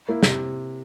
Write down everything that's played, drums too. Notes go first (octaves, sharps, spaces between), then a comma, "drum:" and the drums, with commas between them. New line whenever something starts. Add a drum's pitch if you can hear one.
A#3 E4
C3, drum: snare